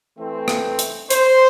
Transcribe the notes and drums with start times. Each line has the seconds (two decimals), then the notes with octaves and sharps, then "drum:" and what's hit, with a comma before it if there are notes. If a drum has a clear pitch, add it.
0.17 E3 A3 C4
0.48 drum: rim click
0.79 drum: hi-hat
1.10 C5, drum: hi-hat